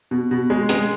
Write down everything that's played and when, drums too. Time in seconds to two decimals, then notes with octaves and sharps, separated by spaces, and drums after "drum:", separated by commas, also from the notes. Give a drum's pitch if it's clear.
0.11 B2
0.31 B2
0.50 G#3
0.69 G#3, drum: hi-hat